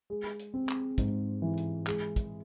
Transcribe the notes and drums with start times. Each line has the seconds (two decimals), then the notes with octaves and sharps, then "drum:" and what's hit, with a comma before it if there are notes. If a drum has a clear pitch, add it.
0.10 G#3
0.39 drum: hi-hat
0.54 C4
0.69 drum: clap
0.98 G#2, drum: kick, hi-hat
1.42 E3
1.57 drum: hi-hat
1.87 G#3, drum: clap
2.16 drum: kick, hi-hat